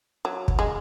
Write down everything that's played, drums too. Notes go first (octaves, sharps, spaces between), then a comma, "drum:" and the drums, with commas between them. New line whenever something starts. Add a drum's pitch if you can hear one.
F#3
drum: kick
G#3